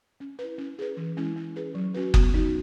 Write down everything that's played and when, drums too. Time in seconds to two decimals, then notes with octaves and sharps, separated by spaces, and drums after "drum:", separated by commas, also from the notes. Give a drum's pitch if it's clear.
0.20 C#4
0.39 E4 B4
0.58 C#4
0.79 G#4 B4
0.97 E3
1.17 G#3 C#4 E4
1.36 C#4
1.56 G#4 B4
1.75 F#3
1.94 C#4 F#4 B4
2.14 B3, drum: kick F#1
2.34 D#4 F#4